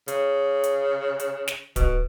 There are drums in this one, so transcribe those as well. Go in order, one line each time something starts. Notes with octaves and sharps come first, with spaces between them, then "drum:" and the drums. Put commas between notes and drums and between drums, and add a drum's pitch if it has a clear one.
C#3, drum: hi-hat
drum: hi-hat
drum: hi-hat
drum: snare
B2, drum: kick D1, hi-hat